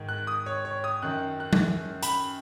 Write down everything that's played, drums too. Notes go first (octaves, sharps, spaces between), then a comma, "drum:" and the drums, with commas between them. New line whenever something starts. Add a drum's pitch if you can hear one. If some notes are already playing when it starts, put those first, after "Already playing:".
Already playing: G#2 D#3
F#6
D#6
C#5
C#5
D#6
F#2 D#3 F#6
F#6
drum: tom F#3
B5, drum: hi-hat